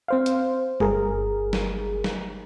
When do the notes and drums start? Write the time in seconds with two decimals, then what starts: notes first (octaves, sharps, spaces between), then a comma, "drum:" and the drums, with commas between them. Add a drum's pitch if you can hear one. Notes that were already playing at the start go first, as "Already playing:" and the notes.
0.08 C4 C5 F5
0.26 drum: hi-hat
0.80 G1 G#4 A#4, drum: tom G3
1.53 drum: snare
2.04 drum: snare